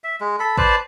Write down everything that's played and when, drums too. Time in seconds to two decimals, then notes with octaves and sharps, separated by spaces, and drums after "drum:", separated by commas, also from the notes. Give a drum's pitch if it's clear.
0.04 E5
0.21 G#3
0.40 A4 B5
0.57 B4 C5 D5 A5, drum: kick